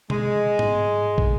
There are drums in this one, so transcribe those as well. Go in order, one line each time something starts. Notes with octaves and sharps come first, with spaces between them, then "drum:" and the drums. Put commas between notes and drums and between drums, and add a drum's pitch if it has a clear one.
G#3, drum: tom B2
drum: tom G#2
drum: kick